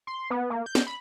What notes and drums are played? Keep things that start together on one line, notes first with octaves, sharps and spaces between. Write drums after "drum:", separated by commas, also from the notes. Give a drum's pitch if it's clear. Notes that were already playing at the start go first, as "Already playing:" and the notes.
C6
B3
A#3
G6
drum: snare
B5